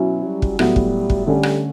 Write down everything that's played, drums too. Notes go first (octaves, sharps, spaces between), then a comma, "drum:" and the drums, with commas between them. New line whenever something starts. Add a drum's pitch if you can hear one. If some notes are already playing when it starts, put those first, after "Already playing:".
Already playing: B2 F#3 C#4 E4
G3
drum: kick
A2 F#3 G3 B3, drum: rim click
drum: kick
drum: kick
D3 G3 A3 C#4
drum: rim click